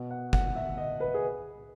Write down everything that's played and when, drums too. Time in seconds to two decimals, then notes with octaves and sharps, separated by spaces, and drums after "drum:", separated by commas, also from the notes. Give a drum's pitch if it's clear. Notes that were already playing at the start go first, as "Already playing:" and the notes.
Already playing: B2
0.11 F#5
0.33 F#5, drum: kick
0.55 E5
0.77 D#5
1.00 B4
1.14 G#4